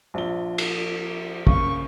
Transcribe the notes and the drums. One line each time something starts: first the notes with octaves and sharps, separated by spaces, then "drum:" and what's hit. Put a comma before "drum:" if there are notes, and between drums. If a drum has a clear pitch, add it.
A#1 F3 G7
drum: cymbal
C#3 A#3 C#6, drum: kick